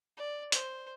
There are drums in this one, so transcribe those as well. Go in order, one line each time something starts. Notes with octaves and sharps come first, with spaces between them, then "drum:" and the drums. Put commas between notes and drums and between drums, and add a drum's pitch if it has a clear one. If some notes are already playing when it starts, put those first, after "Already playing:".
D5
C5, drum: hi-hat